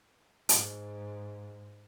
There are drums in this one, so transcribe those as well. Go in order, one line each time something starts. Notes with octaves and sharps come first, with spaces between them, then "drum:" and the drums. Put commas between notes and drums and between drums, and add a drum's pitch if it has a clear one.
G#2, drum: hi-hat